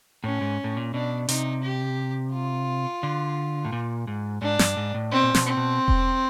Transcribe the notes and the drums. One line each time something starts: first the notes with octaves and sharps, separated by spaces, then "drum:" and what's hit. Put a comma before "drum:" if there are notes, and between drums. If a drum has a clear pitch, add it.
A2 C#4
G#2
A2
A#2
B2 D4
C3 D#4, drum: hi-hat
G4
F4
D3
A2
A#2
G#2
G#2 D4
G2, drum: snare
G#2
A2
B2 C4
A#2
B2, drum: snare
C4
B2
drum: kick E1